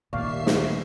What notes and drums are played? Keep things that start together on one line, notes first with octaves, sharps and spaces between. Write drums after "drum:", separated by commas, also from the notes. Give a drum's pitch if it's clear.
D#2 A#2 F#3 D5 E5 F5 C#6 C7
drum: snare